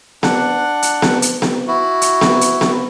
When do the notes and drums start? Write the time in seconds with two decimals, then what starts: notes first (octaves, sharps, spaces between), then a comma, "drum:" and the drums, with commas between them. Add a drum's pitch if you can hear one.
0.23 D4 F#5, drum: snare B3
0.82 drum: hi-hat
1.02 drum: snare B3
1.22 drum: hi-hat
1.42 drum: snare B3
1.67 E4 F#4
2.02 drum: hi-hat
2.21 drum: snare B3
2.41 drum: hi-hat
2.61 drum: snare B3